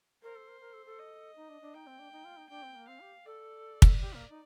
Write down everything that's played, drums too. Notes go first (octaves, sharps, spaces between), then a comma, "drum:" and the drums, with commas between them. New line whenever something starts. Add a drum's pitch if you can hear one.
A#4 C5
A4
A#4
A#4
A4
A4
D#5
D#4
D4
D4
D#4 G5
C4
D4
D#4
F4
D#4
D4 G5
C4
A#3
C4 F5
G4
A4 D5
drum: kick
G4
A#3
D#4